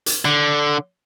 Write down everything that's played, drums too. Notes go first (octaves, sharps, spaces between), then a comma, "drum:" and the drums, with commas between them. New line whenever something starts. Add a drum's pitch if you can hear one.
drum: hi-hat
D3